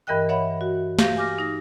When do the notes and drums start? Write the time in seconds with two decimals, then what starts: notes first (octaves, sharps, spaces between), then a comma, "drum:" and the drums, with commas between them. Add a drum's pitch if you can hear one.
0.07 G2 E3 A#4 D#5 G5 F#6
0.29 C#5 E5 F#5 B5
0.61 F#4
0.99 G4 F5 G6 A#6, drum: snare
1.17 G#5 D6 F6 A#6
1.38 D#4 A#6